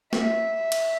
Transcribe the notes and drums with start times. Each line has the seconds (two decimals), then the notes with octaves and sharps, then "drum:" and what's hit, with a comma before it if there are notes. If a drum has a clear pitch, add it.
0.13 E5, drum: snare
0.72 drum: cymbal